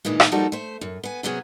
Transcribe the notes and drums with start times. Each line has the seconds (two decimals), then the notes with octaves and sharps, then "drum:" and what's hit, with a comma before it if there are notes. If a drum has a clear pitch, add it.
0.05 G2 A#2 D#3 E3 G#3
0.20 drum: rim click
0.32 F3 G3 A#3 D#4 F#4 A4
0.52 A3 C5
0.81 F#2
1.03 B3 G#5
1.23 C3 F#3 B3 C#4 G#4